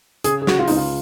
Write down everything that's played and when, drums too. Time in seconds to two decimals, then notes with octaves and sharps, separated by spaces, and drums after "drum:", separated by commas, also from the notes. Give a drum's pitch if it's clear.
0.24 C#3 G#4, drum: hi-hat
0.42 G#4
0.47 C#3 F#4, drum: snare
0.59 F4
0.68 C#2 D#4, drum: open hi-hat
0.76 F4